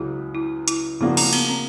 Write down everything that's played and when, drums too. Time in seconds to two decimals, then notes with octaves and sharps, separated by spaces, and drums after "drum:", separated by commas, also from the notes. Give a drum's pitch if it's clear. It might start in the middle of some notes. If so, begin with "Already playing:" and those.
Already playing: C#2 C#3 F#3 E4
0.35 E4
0.68 E4, drum: hi-hat
1.00 C#3 F3 A#3 D4 E4 F#4
1.17 C4, drum: open hi-hat
1.33 B3, drum: cymbal
1.49 C4